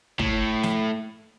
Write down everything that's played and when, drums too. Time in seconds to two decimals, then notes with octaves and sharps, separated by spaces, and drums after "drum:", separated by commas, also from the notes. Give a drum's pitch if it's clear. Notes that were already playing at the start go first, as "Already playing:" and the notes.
0.19 A2, drum: kick
0.63 drum: snare